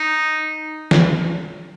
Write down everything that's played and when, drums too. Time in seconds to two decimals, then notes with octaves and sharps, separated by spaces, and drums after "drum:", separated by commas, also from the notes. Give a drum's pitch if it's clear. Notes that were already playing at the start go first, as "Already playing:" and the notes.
Already playing: D#4
0.91 drum: snare